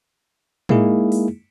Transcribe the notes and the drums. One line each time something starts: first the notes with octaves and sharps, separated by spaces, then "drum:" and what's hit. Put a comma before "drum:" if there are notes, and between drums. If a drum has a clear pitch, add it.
G#3 A#3 D#4 E4 G#4, drum: tom A2
drum: open hi-hat